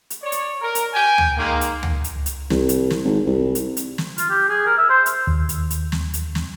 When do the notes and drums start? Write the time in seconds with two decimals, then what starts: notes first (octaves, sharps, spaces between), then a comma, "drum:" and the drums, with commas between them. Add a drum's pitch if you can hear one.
0.10 drum: hi-hat
0.22 C#5 D5
0.32 drum: hi-hat
0.62 A#4
0.75 drum: hi-hat
0.93 G5 G#5
1.18 drum: tom D2
1.37 D#3 G#3 A#3
1.61 drum: hi-hat
1.83 drum: tom D2
2.04 drum: hi-hat
2.26 drum: hi-hat
2.50 C2, drum: snare
2.69 drum: hi-hat
2.90 drum: snare
3.05 G#1
3.26 C2
3.55 drum: hi-hat
3.77 drum: hi-hat
3.98 drum: snare
4.18 F4, drum: hi-hat
4.30 G4
4.49 G#4
4.66 A#4
4.78 E5
4.89 C5
5.06 drum: hi-hat
5.27 D#2
5.49 drum: hi-hat
5.70 drum: hi-hat
5.92 drum: snare
6.14 drum: hi-hat
6.35 drum: snare